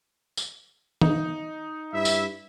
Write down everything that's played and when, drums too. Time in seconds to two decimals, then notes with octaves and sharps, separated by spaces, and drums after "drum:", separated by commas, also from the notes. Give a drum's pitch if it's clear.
0.37 drum: tambourine
1.02 D#4, drum: tom
1.94 G2 E4 E5
2.05 drum: tambourine